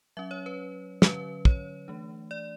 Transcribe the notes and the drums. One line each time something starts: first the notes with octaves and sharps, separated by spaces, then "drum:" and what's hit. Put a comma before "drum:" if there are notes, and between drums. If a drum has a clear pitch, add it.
F#3 C#4 E5
C#5
B4
D3 F#3 C#4 B4, drum: snare
C#5, drum: kick
E3 A3 D4
D5